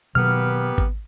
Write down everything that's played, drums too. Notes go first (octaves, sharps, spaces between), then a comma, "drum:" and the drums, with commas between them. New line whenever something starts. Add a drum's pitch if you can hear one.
B2 D#3 F#3 A#3 B3 G4 F6
drum: kick G#1